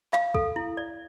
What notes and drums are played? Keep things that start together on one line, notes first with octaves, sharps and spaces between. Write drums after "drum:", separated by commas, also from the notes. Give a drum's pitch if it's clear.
F5, drum: clap
A4, drum: kick
E4
D5